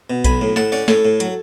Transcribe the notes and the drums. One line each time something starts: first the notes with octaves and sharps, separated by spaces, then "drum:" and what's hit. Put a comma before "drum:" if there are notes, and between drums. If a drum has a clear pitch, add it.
B2
B1 G#5 B5, drum: kick A#1, hi-hat
A2
A2 F#5 A5, drum: snare
C#4 D5 F#5
A2 A4 C#5, drum: snare
A2
F#3, drum: hi-hat